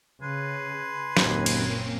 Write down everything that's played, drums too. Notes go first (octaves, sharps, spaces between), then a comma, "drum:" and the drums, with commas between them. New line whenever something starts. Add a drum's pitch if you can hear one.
C#3 B4 G#5 C6
F#1 D#2 A#2 F#3 A#3 C4 C#4, drum: snare
drum: cymbal